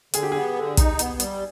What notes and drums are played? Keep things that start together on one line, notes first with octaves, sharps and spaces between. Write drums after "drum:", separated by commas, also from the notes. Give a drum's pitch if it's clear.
D3 G#4, drum: hi-hat
G4
B3 G#4
D3
D#4, drum: kick, hi-hat
B3, drum: hi-hat
G3, drum: hi-hat